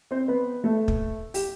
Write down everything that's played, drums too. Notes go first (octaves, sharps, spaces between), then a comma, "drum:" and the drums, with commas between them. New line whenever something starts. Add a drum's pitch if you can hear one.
C4 C5
B3 B4
A3 A4
drum: kick
G4, drum: open hi-hat